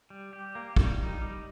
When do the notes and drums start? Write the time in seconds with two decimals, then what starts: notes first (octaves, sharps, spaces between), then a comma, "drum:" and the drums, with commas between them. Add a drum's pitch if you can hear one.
0.10 G3
0.33 G4
0.55 A#3
0.76 G3, drum: kick
0.98 D#4
1.22 G3